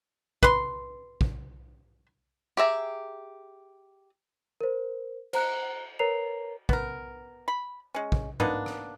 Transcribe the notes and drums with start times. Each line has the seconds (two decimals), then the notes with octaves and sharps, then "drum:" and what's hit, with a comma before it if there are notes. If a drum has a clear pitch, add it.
0.43 B4 C6, drum: kick
1.21 drum: kick
2.57 G4 G#4 E5 A#5
4.61 A#4 C5
5.33 C5 A#5 F#6, drum: cymbal
5.99 A#4 B4 C#5 A#5 C7 F7
6.69 B3 A#4, drum: kick
7.48 B5
7.95 G#3 C#4
8.12 drum: kick
8.40 A#3 B3 D4 D#4, drum: tom G#2
8.66 drum: rim click